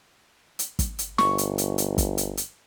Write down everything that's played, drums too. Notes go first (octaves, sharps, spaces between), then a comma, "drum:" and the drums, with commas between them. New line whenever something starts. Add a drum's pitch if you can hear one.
drum: hi-hat
drum: kick, hi-hat
drum: hi-hat
G1 C#6, drum: snare
drum: hi-hat
drum: hi-hat
drum: hi-hat
drum: kick, hi-hat
drum: hi-hat
drum: hi-hat